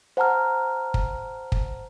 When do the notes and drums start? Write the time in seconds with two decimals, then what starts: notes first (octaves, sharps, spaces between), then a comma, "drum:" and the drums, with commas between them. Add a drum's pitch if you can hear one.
0.17 C5 F#5 A5 A#5 F6
0.94 drum: kick
1.52 drum: kick